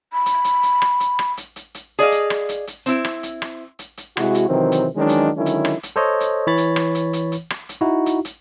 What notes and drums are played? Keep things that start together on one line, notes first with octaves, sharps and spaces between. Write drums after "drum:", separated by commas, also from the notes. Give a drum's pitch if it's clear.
B5
drum: hi-hat
drum: hi-hat
drum: hi-hat
drum: rim click
drum: hi-hat
drum: rim click
drum: hi-hat
drum: hi-hat
drum: hi-hat
G#4 D5 D#5 F5
drum: hi-hat
drum: rim click
drum: hi-hat
drum: hi-hat
C4 E4, drum: hi-hat
drum: rim click
drum: hi-hat
drum: rim click
drum: hi-hat
drum: hi-hat
C3 G#3 E4 F#4, drum: rim click
drum: hi-hat
C3 D#3 E3 F#3 C4
drum: hi-hat
D#3 E3 F#3 G#3 C#4 D4
drum: hi-hat
D3 D#3 F#3 G#3 C#4 E4
drum: hi-hat
drum: rim click
drum: hi-hat
A4 C5 C#5 D#5
drum: hi-hat
E3 C#5 B5 A6
drum: hi-hat
drum: rim click
drum: hi-hat
drum: hi-hat
drum: hi-hat
drum: rim click
drum: hi-hat
D#4 E4 F#4
drum: hi-hat
drum: hi-hat